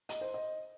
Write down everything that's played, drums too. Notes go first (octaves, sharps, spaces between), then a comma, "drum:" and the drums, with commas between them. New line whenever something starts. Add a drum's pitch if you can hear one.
D#5, drum: hi-hat
C5
D#5